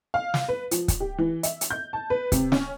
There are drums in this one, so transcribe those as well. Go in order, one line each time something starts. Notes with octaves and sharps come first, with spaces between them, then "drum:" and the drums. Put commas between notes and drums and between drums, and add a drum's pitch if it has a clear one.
F5
drum: snare
B4
F3, drum: hi-hat
drum: kick, hi-hat
G4
E3
E5, drum: hi-hat
drum: hi-hat
G6
A5
B4
C3, drum: kick, hi-hat
C#4, drum: snare